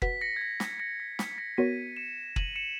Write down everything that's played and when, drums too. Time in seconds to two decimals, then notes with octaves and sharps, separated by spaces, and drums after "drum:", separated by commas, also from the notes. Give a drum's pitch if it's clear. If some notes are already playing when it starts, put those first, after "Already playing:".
0.02 F#4 B4 F#5 B6, drum: kick
0.21 A#6 C#7
0.36 G#6
0.41 A#6
0.60 B6, drum: snare
0.79 A#6 C#7
1.00 B6
1.19 B6, drum: snare
1.30 B6
1.38 A#6 C#7
1.57 B3 F#4 A#4 C#5 B6 D#7
1.97 C#7 E7
2.36 D#7 F#7, drum: kick
2.56 C#7 E7